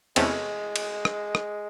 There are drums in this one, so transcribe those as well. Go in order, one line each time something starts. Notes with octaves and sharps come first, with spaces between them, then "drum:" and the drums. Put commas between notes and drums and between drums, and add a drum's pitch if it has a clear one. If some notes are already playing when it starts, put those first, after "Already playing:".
E2 C3 E3 G#3 A3 C#4, drum: cymbal
drum: cymbal
drum: rim click
drum: rim click